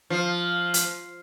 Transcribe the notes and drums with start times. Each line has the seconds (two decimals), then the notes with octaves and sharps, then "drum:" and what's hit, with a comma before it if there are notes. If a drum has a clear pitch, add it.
0.10 F3
0.74 drum: hi-hat